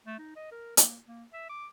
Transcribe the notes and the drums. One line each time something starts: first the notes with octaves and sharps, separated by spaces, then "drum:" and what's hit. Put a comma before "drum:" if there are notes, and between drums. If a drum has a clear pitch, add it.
A3
D#4
D#5
A#4
A#3, drum: hi-hat
A#3
E5
D6